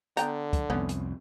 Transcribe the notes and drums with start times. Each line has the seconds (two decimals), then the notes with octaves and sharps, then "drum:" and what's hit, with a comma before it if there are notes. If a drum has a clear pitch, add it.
0.17 D3 B3 G5 A#5, drum: hi-hat
0.53 drum: kick, hi-hat
0.70 C2 F2 B3 C#4
0.89 drum: hi-hat